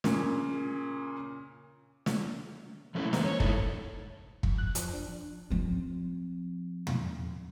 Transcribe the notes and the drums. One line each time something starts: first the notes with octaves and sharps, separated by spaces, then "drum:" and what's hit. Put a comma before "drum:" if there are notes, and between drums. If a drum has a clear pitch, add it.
A#2 C#3, drum: snare
drum: snare
F3 A3 A#3 C4 C#4 E4
A2 E3 A#3 D#4 C5 A#5, drum: snare
C#5
B2 G#3 D#4 E4 A4, drum: kick
F2, drum: kick
F#6
F3, drum: hi-hat
D4
F3 C4
drum: tom